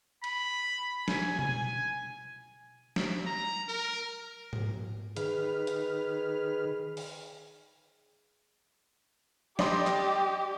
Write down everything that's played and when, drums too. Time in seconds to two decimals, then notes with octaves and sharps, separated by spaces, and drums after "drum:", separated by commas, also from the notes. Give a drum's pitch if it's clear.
0.24 B5, drum: cymbal
1.08 G#5, drum: snare
1.39 G#5, drum: tom B2
2.96 drum: snare
3.27 A#5
3.68 A#4
4.53 drum: tom G#2
5.16 D#3 G#4 B4 F6, drum: hi-hat
5.67 drum: hi-hat
6.97 drum: open hi-hat
9.59 G4 D5 D#5 C6, drum: snare
9.87 drum: clap